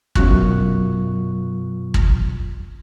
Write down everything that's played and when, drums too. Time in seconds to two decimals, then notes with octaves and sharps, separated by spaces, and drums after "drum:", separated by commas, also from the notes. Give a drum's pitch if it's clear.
0.15 F#2 B2 F#3 F4 C#6 F#6, drum: kick
1.94 drum: kick